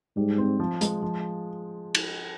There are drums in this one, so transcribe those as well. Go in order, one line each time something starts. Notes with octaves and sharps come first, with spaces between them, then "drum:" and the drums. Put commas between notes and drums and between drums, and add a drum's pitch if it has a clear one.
G#2 G3
C4
F3
G#3, drum: hi-hat
F3
drum: cymbal